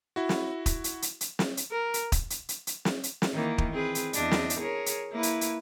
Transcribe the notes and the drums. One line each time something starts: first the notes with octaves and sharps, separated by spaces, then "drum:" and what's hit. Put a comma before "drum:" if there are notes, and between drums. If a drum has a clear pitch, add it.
E4 F#4
drum: snare
drum: kick, hi-hat
drum: hi-hat
drum: hi-hat
drum: hi-hat
drum: snare
drum: hi-hat
A#4
drum: hi-hat
drum: kick, hi-hat
drum: hi-hat
drum: hi-hat
drum: hi-hat
drum: snare
drum: hi-hat
drum: snare
D#3 E3 A#3
drum: kick
C4 G#4 B4
drum: hi-hat
E2 D4 D#5, drum: hi-hat
drum: snare
drum: hi-hat
G#4 A#4 C#5
drum: hi-hat
A#3 E4 B4
drum: hi-hat
drum: hi-hat